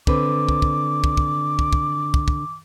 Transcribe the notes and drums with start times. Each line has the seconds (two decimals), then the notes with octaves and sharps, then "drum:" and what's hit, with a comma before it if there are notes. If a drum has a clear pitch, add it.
0.07 D3 C4 B4 D6, drum: kick
0.49 drum: kick
0.62 drum: kick
1.04 drum: kick
1.17 drum: kick
1.59 drum: kick
1.73 drum: kick
2.14 drum: kick
2.28 drum: kick